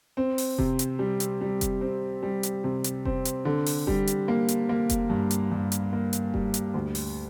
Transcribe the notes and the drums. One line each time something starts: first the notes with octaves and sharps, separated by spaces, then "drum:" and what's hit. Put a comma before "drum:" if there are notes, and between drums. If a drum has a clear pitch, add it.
C4
drum: open hi-hat
C3, drum: kick F1
drum: hi-hat
G3
drum: hi-hat
G3
drum: kick F1, hi-hat
C4
G3
drum: hi-hat
C3
drum: hi-hat
C4, drum: kick F1
drum: hi-hat
D3
drum: open hi-hat
G3, drum: kick F1
drum: hi-hat
A#3
drum: hi-hat
A#3
drum: kick F1, hi-hat
G2
drum: hi-hat
G2
drum: hi-hat
A#3
drum: hi-hat
G3, drum: kick F1
drum: hi-hat
D2
drum: open hi-hat